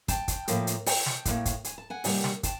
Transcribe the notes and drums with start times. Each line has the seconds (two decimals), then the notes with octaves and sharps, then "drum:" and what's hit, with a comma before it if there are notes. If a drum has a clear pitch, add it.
0.08 G5 A5, drum: kick, hi-hat
0.28 drum: kick, hi-hat
0.48 A2 F3 A#3, drum: hi-hat
0.67 drum: hi-hat
0.86 G5 A5, drum: open hi-hat
1.06 drum: snare
1.25 A2 F#3 A#3, drum: kick, hi-hat
1.45 drum: kick, hi-hat
1.64 G#5, drum: hi-hat
1.78 A5
1.90 F#5 G#5
2.04 C3 D#3 G3 A#3, drum: open hi-hat
2.24 drum: snare
2.43 G5 A5, drum: kick, hi-hat